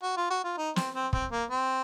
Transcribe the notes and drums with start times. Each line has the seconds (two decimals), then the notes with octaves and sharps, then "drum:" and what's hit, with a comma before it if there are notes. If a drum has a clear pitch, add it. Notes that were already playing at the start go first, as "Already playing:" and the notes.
0.02 F#4
0.17 F4
0.30 F#4
0.44 F4
0.57 D#4
0.76 C4, drum: snare
0.94 C4
1.13 C4, drum: kick
1.31 A#3
1.50 C4